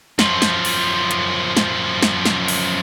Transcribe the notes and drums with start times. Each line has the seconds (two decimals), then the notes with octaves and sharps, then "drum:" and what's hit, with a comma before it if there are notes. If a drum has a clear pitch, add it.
0.19 F#2 F3, drum: snare
0.42 drum: snare
0.65 drum: open hi-hat
1.11 drum: hi-hat
1.57 drum: snare
2.03 drum: snare
2.25 drum: snare
2.48 drum: open hi-hat